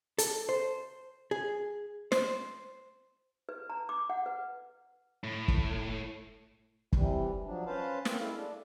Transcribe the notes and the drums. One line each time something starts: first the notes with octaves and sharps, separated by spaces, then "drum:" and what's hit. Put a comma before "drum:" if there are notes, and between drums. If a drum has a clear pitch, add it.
A4, drum: hi-hat
C5
G#4
C5, drum: snare
B4
A#5
D6
F#5
B4
A2
drum: kick
C3 E3 G3, drum: kick
F3 F#3 D4
C#4 B4 C5 F5 A5
A#3 C4, drum: snare
G#3 A#3 E4 A4 F5
D4